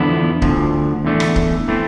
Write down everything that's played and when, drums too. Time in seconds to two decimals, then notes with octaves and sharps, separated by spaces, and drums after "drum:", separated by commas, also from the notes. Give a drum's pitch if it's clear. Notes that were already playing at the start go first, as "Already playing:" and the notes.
Already playing: E2 D3 F3 B3 E4
0.42 D2 D3 F3, drum: kick C#1
1.05 E2 D3 A3
1.20 drum: rim click
1.36 drum: kick C#1
1.68 E3 A3 C4